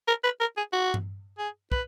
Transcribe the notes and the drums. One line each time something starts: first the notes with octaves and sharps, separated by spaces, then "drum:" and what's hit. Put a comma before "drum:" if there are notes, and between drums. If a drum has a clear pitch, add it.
A#4
B4
A#4
G#4
F#4
drum: tom G2
G#4
B4, drum: kick